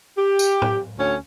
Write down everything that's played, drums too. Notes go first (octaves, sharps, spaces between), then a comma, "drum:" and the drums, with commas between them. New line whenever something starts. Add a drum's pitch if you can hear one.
G4
drum: tambourine
drum: tom
D2 C#4 C#5